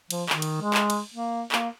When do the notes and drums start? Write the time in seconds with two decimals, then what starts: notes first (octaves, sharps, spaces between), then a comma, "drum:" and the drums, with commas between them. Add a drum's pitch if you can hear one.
0.11 F3, drum: cymbal
0.29 D#3, drum: clap
0.42 drum: cymbal
0.62 G#3
0.74 drum: clap
0.90 drum: cymbal
1.14 A#3
1.52 A#3, drum: clap